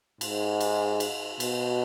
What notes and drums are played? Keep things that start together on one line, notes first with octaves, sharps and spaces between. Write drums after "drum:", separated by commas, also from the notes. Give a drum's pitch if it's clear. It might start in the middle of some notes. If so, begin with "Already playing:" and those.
G#2, drum: cymbal
drum: cymbal
drum: cymbal
B2, drum: cymbal